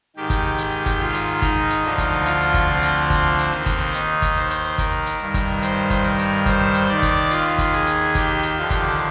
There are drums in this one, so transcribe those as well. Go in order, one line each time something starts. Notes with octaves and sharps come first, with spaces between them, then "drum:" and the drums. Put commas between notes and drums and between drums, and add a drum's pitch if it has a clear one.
G#2 D#3 G4
drum: kick G1, hi-hat
drum: hi-hat
drum: kick G1, hi-hat
F4
drum: hi-hat
D#4, drum: kick G1, hi-hat
drum: hi-hat
D2 D3 F3
drum: kick G1, hi-hat
F4, drum: hi-hat
drum: kick G1, hi-hat
C4
drum: hi-hat
drum: kick G1, hi-hat
drum: hi-hat
D#2 D#3
drum: kick G1, hi-hat
D#4, drum: hi-hat
drum: kick G1, hi-hat
C5
drum: hi-hat
A#4, drum: kick G1, hi-hat
drum: hi-hat
G2 D#3
drum: kick G1, hi-hat
C5, drum: hi-hat
drum: kick G1, hi-hat
A#4
drum: hi-hat
C5, drum: kick G1, hi-hat
drum: hi-hat
D#2 D#3 D5
drum: kick G1, hi-hat
F4, drum: hi-hat
drum: kick G1, hi-hat
G#4
drum: hi-hat
G4, drum: kick G1, hi-hat
drum: hi-hat
D#2 D3 F3
drum: kick G1, hi-hat